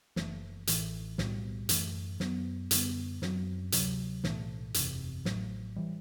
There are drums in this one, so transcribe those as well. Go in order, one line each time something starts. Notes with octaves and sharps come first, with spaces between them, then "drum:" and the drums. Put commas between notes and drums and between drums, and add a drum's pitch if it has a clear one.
F#1 F#2 E3 A3, drum: snare
A1 A2 E3, drum: hi-hat
B1 A2 G3, drum: snare
F#2 E3 A3, drum: hi-hat
F#2 F#3 B3, drum: snare
F#2 D3 G3 B3, drum: hi-hat
F#2 F#3 C4, drum: snare
D2 C3 F#3, drum: hi-hat
B1 A2 E3 A3, drum: snare
F#1 E2 C3, drum: hi-hat
A1 A2 F#3 A3, drum: snare
E3 G3